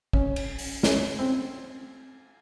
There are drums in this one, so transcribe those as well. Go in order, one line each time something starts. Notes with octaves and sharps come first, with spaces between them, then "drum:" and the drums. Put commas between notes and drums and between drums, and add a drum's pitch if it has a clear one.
C#4, drum: kick
drum: cymbal
drum: open hi-hat
C#4, drum: snare
C4